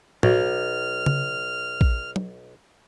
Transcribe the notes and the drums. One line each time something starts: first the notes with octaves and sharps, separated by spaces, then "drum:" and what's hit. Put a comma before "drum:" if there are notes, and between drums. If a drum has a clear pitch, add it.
B1 F#4 F6, drum: tom A2
drum: tom C#3
drum: kick A#1
drum: tom F#3